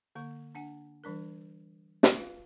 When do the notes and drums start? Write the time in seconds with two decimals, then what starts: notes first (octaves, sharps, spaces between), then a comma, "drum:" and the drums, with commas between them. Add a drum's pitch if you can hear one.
0.15 D3 A#3 C#6
0.55 D4 F#5 G#5
1.04 E3 G3 D4 A#4
2.03 drum: snare
2.18 F4 B4 F5